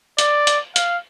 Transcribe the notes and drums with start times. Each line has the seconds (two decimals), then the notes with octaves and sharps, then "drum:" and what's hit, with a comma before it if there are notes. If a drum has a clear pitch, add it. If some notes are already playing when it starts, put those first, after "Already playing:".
0.18 D5, drum: hi-hat
0.47 drum: hi-hat
0.76 F5, drum: hi-hat